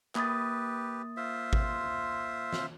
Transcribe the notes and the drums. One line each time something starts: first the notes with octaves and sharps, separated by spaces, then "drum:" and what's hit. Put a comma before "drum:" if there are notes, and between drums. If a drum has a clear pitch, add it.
A#3 G4 B4 D#6 A6, drum: clap
F4 C5 E5
drum: kick G#1
drum: snare